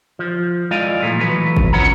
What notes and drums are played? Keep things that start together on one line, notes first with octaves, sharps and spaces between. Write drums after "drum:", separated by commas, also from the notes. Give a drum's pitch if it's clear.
F3
G#3 E4 F4 D5 D#5 F5
A#2 F3 A3
E3 F#3 B4
drum: kick G#1
C#4 F4 C#5 F#5 A#5